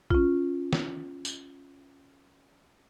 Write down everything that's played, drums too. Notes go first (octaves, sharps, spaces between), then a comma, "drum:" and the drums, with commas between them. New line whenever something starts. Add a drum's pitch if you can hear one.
C#4 F4, drum: kick
drum: snare
drum: tambourine